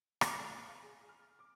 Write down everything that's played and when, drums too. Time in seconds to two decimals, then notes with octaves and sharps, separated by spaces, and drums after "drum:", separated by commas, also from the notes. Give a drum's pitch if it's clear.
0.21 A5, drum: rim click
0.38 A3
0.56 E2
0.69 F5
0.83 G#4
1.09 F6
1.39 D6